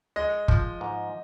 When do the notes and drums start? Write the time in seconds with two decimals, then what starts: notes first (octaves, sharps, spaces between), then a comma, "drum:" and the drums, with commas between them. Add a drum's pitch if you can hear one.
0.16 G#3 D#5
0.48 F3, drum: kick
0.81 G#2